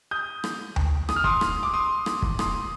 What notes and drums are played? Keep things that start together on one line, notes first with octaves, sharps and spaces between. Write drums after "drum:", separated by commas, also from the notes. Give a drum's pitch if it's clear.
D#6 G6
drum: rim click
drum: tom D2
D#6, drum: rim click
F6
C6 D#6, drum: kick
drum: rim click
D6
C6 D#6
drum: rim click
drum: kick
C6 D#6, drum: rim click